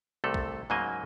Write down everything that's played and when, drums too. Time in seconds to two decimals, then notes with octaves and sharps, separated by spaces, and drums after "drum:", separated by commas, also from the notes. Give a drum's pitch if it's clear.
0.24 C2 C3 A3 A4
0.34 drum: kick
0.70 G#2 C#3 F#3 A#3 D#5 G#5